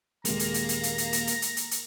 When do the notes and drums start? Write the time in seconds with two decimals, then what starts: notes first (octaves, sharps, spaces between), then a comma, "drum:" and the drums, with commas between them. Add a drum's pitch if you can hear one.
0.25 D#1 G#3 A#3 A#5, drum: hi-hat
0.39 drum: hi-hat
0.54 drum: hi-hat
0.69 drum: hi-hat
0.83 drum: hi-hat
0.98 drum: hi-hat
1.13 drum: hi-hat
1.27 drum: hi-hat
1.42 drum: hi-hat
1.57 drum: hi-hat
1.71 drum: hi-hat